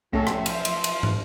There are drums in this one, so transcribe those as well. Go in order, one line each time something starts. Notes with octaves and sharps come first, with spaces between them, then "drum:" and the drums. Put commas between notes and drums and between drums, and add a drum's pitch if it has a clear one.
C2 A2 F3 A3 C#4 A4 E5 A#6
drum: rim click
F4 C5, drum: cymbal
drum: cymbal
drum: cymbal
drum: tom